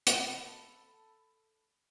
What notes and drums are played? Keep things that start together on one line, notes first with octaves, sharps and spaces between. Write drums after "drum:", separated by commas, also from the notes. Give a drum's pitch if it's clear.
A4 B5, drum: hi-hat